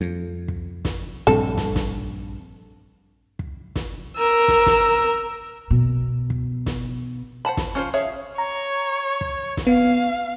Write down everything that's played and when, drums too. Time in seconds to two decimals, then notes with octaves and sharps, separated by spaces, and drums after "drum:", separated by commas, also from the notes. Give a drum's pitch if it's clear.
0.01 F2
0.48 drum: kick
0.85 drum: snare
1.27 A#1 G2 C4 A4
1.57 drum: snare
1.76 drum: snare
3.39 drum: kick
3.76 drum: snare
4.17 A#4 E6
4.48 drum: snare
4.66 drum: snare
5.71 B2
6.30 drum: kick
6.66 drum: snare
7.45 C5 F#5 A5 B5
7.57 drum: snare
7.75 C#4 F4 C5
7.94 G#4 C#5 E5 F5
8.38 C#5 A#5
9.21 drum: kick
9.57 drum: snare
9.67 B3 F5